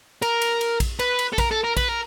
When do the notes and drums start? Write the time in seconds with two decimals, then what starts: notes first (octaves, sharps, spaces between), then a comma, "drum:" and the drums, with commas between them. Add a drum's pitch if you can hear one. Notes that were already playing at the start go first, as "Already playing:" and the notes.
0.22 A#4, drum: cymbal
0.42 drum: cymbal
0.61 drum: cymbal
0.80 drum: kick A#1, cymbal
0.99 B4, drum: cymbal
1.19 drum: cymbal
1.33 A4
1.38 A#4, drum: kick A#1, cymbal
1.51 A4
1.64 A#4
1.77 B4, drum: kick A#1, cymbal
1.88 A#4